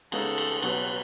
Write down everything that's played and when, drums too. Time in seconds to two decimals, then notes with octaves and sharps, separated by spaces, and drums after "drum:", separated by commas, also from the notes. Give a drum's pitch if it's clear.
0.12 C#3 G#3 B3 D#4 G#4 A4, drum: cymbal
0.38 drum: cymbal
0.62 B2 F#3 B3 B4, drum: cymbal